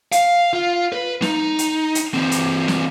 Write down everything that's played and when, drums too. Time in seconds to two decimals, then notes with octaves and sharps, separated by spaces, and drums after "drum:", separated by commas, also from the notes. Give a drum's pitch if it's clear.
0.12 F5, drum: hi-hat
0.53 F4
0.92 B4
1.22 D#4, drum: snare
1.59 drum: hi-hat
1.95 drum: hi-hat
2.14 E3 C4
2.32 drum: hi-hat
2.68 drum: snare